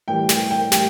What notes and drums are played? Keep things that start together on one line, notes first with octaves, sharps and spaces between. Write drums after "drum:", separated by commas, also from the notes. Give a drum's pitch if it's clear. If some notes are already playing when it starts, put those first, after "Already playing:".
A2 E3 G3 G5
G5, drum: snare
G5
A2 G3 G5, drum: snare